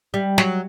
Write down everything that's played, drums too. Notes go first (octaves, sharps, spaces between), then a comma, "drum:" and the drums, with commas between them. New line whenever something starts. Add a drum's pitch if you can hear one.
G3
F#3, drum: snare